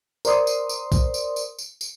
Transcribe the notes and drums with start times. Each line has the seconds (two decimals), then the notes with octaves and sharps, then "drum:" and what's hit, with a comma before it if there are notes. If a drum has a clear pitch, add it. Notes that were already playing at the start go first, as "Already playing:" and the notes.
0.25 A#4 C5 D5 C6 D#6, drum: tambourine
0.47 drum: tambourine
0.69 drum: tambourine
0.92 drum: kick B1, tambourine
1.14 drum: tambourine
1.36 drum: tambourine
1.59 drum: tambourine
1.81 drum: tambourine